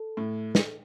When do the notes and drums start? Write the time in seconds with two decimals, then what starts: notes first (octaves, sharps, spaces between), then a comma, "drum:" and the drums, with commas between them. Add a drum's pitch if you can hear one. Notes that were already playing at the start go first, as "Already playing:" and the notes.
Already playing: A4
0.17 A2
0.55 drum: snare